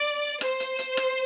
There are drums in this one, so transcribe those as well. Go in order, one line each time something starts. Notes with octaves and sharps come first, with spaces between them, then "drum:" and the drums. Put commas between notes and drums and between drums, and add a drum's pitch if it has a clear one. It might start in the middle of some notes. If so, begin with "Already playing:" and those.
Already playing: D5
C5, drum: rim click
drum: hi-hat
drum: hi-hat
drum: rim click